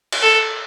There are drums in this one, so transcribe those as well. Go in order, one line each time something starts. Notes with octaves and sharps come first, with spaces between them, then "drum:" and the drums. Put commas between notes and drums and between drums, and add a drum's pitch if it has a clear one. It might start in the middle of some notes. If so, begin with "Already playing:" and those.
drum: cymbal
A4